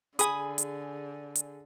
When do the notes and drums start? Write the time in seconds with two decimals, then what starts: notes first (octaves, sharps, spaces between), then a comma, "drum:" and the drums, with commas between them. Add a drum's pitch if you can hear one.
0.19 D3 G#4 G#5 B5 D#6, drum: hi-hat
0.58 drum: hi-hat
1.35 drum: hi-hat